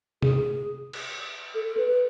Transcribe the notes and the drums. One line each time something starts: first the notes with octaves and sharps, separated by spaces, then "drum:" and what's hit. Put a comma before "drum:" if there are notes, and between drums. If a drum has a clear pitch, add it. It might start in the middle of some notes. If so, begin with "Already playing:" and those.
G#4, drum: tom
drum: cymbal
A4
A4
B4
B4